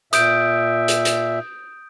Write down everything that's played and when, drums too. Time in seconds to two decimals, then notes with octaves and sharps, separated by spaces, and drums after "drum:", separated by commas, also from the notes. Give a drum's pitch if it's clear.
0.13 A#2 E5 D#6 G6 D7, drum: hi-hat
0.88 drum: hi-hat
1.05 drum: hi-hat